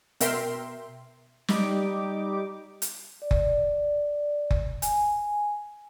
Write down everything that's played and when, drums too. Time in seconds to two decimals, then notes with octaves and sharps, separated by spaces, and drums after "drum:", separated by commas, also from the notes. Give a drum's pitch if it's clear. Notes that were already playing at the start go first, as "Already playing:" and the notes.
0.21 B2 A#4 E5 G5 C6, drum: hi-hat
1.48 G3 D#4 G4 D6, drum: snare
2.82 drum: hi-hat
3.22 D5
3.31 drum: kick F#1
4.51 drum: kick F#1
4.82 G#5, drum: hi-hat